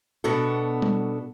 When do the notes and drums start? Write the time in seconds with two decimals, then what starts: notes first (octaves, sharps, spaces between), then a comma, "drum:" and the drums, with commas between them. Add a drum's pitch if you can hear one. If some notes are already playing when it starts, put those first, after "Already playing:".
0.24 B2 B3 D4 F#4 A4
0.82 drum: tom G3